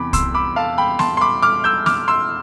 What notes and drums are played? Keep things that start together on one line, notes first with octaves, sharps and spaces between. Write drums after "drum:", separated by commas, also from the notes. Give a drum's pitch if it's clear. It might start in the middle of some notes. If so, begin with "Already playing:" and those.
Already playing: E2 C3 E3 B5 D6
C6 E6, drum: kick C2, hi-hat
B5 D6
F5 A5
G5 B5
A5 C6, drum: snare
C6
B5 D6
D6 F6
E6 G6
D6 F6, drum: snare
C6 E6